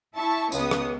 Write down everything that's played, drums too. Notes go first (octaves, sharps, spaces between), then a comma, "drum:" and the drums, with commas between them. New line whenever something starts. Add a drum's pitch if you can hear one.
E4 E5 A5 C#6
C#2 C#3 B3 D#6, drum: tambourine
drum: rim click